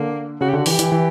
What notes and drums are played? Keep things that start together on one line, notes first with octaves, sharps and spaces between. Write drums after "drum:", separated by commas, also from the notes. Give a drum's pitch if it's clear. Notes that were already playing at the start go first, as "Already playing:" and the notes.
Already playing: D3 A#3
C#3 F#4
G4
D3 F#4
E3 G4, drum: open hi-hat
E3, drum: hi-hat
E3